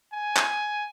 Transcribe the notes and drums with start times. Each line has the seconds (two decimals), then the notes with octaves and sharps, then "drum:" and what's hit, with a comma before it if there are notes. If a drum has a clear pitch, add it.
0.13 G#5
0.37 drum: clap